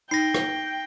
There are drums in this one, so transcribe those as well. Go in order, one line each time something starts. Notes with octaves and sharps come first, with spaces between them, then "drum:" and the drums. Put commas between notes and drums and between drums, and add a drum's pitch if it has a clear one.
D#4 G5 A#6 C7
drum: rim click